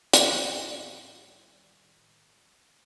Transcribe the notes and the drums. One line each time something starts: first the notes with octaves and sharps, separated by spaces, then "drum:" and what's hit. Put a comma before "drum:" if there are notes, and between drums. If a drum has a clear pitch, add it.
A2 D#3 G3, drum: hi-hat